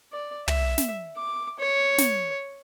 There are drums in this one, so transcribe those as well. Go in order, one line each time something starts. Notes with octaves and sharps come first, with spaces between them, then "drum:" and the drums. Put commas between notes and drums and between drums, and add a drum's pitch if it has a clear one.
D5
E5, drum: tom
drum: snare
D6
C#5
drum: snare